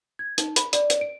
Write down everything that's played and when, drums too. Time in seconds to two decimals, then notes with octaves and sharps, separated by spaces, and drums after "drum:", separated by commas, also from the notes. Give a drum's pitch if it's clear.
0.19 G#6
0.38 D#4, drum: hi-hat
0.56 B5, drum: hi-hat
0.73 D5, drum: hi-hat
0.90 drum: hi-hat
1.01 D7